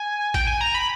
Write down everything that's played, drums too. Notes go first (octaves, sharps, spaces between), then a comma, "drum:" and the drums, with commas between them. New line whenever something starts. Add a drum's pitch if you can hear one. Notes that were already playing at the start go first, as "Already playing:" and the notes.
Already playing: G#5
G5, drum: kick A1, hi-hat
G#5
A#5
B5